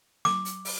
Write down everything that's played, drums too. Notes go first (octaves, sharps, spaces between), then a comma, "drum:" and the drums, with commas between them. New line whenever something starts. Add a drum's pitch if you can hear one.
D6, drum: snare
drum: hi-hat
drum: open hi-hat